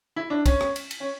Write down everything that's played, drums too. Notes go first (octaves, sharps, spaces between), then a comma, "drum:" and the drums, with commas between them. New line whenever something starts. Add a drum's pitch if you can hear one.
E4
D4
C#4, drum: kick, cymbal
drum: rim click
drum: cymbal
drum: cymbal
C#4